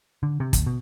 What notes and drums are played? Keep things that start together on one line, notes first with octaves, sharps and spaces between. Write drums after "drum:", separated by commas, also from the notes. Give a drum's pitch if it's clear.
D3
C3
D2, drum: kick, hi-hat
B2